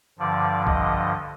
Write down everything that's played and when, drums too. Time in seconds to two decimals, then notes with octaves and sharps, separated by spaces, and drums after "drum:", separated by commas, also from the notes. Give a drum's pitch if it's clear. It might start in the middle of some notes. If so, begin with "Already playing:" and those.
0.19 G2 D3 F3 D5
0.67 D#5, drum: kick A#1